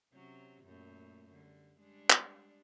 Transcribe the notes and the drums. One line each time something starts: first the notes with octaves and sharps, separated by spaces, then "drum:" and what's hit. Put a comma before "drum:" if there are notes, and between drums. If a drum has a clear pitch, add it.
C3 F#3 C#4
F#2 A#2 A3
D3 G3
G3 G#3 D4
drum: clap